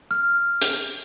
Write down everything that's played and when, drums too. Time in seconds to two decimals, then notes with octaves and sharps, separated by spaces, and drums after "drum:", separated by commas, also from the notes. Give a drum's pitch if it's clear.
0.11 F6
0.62 drum: hi-hat